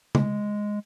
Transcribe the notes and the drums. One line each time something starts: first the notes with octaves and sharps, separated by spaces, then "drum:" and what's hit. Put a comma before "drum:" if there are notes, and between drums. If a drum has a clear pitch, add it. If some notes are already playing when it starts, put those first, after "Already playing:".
G#3, drum: tom C#3